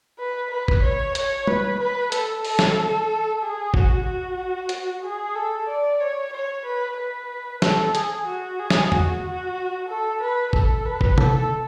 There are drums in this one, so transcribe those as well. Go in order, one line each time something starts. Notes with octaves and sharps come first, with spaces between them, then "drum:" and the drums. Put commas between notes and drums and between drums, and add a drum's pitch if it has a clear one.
B4
B4
drum: kick
C#5
C#5, drum: hi-hat
B4, drum: tom
B4
A4, drum: hi-hat
A4, drum: open hi-hat
drum: snare
G#4
F#4, drum: kick
F#4
drum: hi-hat
G#4
A4
D5
C#5
C#5
B4
B4
A4, drum: snare
G#4, drum: hi-hat
F#4
G#4
drum: snare
F#4, drum: tom
F#4
A4
B4
A4, drum: kick
B4
drum: kick
A4, drum: tom C3